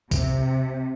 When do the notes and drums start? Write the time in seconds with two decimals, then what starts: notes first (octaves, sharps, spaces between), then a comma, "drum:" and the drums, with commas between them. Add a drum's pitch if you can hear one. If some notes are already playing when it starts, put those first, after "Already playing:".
0.11 C3, drum: kick B1, tambourine